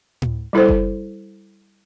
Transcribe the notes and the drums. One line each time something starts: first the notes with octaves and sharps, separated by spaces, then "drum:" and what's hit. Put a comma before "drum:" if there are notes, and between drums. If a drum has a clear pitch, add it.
drum: tom A2
G3 E4 A4 C5
drum: kick F#1